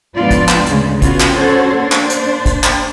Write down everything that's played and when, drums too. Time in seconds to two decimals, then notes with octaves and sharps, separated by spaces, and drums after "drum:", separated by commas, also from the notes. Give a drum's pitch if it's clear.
0.16 F2 G#2 B3 D4 F4 D5
0.31 drum: kick, hi-hat
0.49 drum: clap
0.66 D2 C#3 G#3, drum: hi-hat
1.02 B3 C#4 F4 F#4, drum: kick, hi-hat
1.20 drum: clap
1.34 C#4 D4 F#4 A4 C5 C#5
1.80 A#3 D4 C5
1.92 drum: clap
2.10 drum: hi-hat
2.46 drum: kick, hi-hat
2.64 drum: clap